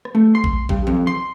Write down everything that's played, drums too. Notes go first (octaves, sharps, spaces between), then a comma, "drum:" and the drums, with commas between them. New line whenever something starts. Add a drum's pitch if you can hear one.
drum: rim click
A3
C6
drum: kick A#1
G2, drum: kick A#1
F2
C6